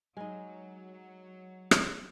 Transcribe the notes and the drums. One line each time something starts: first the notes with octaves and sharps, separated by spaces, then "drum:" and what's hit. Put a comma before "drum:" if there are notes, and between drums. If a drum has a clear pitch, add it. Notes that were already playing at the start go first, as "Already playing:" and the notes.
F#3 G#3 D#4
drum: rim click